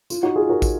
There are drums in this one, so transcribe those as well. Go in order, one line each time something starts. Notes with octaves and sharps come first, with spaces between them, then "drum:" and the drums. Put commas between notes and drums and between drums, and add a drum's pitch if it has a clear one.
F4, drum: tambourine
D#4 F#4
F4 G#4
F#4 A#4
drum: kick, tambourine